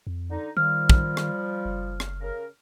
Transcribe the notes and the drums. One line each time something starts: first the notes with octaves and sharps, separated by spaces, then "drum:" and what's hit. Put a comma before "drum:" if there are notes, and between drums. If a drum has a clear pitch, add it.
F2
D3 D#4
D#3 F3 G3 F6
drum: kick
drum: rim click
F#1
drum: rim click
C#3 A#4